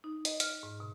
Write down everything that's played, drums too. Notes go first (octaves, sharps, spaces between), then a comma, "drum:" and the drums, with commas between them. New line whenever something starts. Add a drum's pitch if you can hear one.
D#4
D#5, drum: hi-hat
F6, drum: hi-hat
G#2
B2